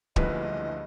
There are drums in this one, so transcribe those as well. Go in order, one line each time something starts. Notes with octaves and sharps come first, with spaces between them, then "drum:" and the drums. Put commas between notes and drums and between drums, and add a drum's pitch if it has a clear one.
F#1 D2 G2 E3 F3 B4 D#5, drum: kick